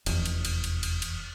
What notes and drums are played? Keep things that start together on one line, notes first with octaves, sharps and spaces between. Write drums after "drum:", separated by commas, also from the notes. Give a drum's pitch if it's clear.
F1 E2, drum: cymbal
drum: cymbal
drum: cymbal
drum: cymbal
drum: cymbal
drum: cymbal